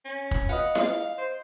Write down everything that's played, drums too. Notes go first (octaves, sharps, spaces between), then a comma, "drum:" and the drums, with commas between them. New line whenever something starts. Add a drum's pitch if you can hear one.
C#4
drum: kick
F4 B4 D#5 F#5
F5, drum: snare E4
C5